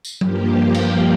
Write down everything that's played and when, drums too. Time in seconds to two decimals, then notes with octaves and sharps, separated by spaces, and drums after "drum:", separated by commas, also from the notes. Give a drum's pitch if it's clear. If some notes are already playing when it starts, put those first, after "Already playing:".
0.05 drum: tambourine
0.21 G2 F3 A#3 G4, drum: tom F#3
0.74 drum: cymbal